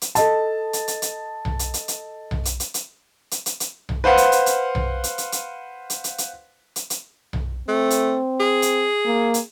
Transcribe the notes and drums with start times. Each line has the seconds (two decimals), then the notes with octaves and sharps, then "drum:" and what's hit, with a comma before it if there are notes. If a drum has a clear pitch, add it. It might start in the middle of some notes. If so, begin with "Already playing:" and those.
0.02 drum: hi-hat
0.15 A4 D#5 A5, drum: hi-hat
0.73 drum: hi-hat
0.88 drum: hi-hat
1.02 drum: hi-hat
1.45 drum: tom B1
1.59 drum: hi-hat
1.74 drum: hi-hat
1.88 drum: hi-hat
2.31 drum: tom B1
2.45 drum: hi-hat
2.60 drum: hi-hat
2.74 drum: hi-hat
3.31 drum: hi-hat
3.46 drum: hi-hat
3.60 drum: hi-hat
3.89 drum: tom B1
4.04 B4 C5 F5 F#5 C6
4.18 drum: hi-hat
4.32 drum: hi-hat
4.46 drum: hi-hat
4.75 drum: tom B1
5.04 drum: hi-hat
5.18 drum: hi-hat
5.32 drum: hi-hat
5.90 drum: hi-hat
6.04 drum: hi-hat
6.18 drum: hi-hat
6.76 drum: hi-hat
6.90 drum: hi-hat
7.33 drum: tom B1
7.68 A3 C4
7.90 drum: hi-hat
8.40 G#4
8.62 drum: hi-hat
9.05 A#3
9.34 drum: hi-hat